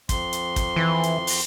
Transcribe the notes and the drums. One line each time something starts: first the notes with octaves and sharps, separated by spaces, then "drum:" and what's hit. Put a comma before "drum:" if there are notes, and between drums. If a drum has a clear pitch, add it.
F2 C6, drum: kick, hi-hat
drum: hi-hat
drum: kick, hi-hat
E3
drum: hi-hat
drum: open hi-hat